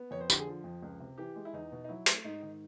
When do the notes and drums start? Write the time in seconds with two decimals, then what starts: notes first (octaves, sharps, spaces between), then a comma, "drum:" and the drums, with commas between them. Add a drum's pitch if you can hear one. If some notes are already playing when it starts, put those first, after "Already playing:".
Already playing: B3
0.11 F2 C#5
0.20 C5
0.30 D3 G4, drum: tambourine
0.39 G#4
0.47 F3
0.64 F2
0.82 C#2
1.00 C3
1.18 E3 G4
1.36 G#3
1.45 E4
1.53 E2 D#4
1.72 B2
1.84 D#4
1.89 F#3 E4
2.06 A3, drum: hi-hat
2.24 G#2 D#4
2.42 D#3